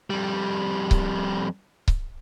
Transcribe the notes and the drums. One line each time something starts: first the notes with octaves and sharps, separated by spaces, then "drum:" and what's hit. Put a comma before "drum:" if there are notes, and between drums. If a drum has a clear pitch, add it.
F2 G3
drum: kick C#1
drum: kick C#1